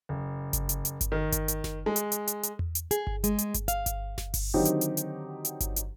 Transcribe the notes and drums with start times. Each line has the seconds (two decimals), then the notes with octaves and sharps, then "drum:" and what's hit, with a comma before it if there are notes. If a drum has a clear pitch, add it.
0.09 F#1
0.53 drum: kick G1, hi-hat
0.69 drum: hi-hat
0.85 drum: hi-hat
1.01 drum: kick G1, hi-hat
1.12 D#3
1.32 drum: kick G1, hi-hat
1.48 drum: hi-hat
1.64 drum: snare F#1
1.86 G#3
1.96 drum: hi-hat
2.12 drum: hi-hat
2.27 drum: hi-hat
2.43 drum: hi-hat
2.59 drum: tom E2
2.75 drum: hi-hat
2.91 G#4, drum: hi-hat
3.07 drum: kick G1
3.24 G#3, drum: hi-hat
3.38 drum: hi-hat
3.54 drum: kick G1, hi-hat
3.68 F5, drum: hi-hat
3.86 drum: kick G1, hi-hat
4.18 drum: snare F#1
4.34 drum: kick G1, open hi-hat
4.54 D3 D#3 F#3 C4 D#4 G4
4.65 drum: hi-hat
4.81 drum: hi-hat
4.97 drum: hi-hat
5.45 drum: hi-hat
5.60 drum: kick G1, hi-hat
5.76 drum: hi-hat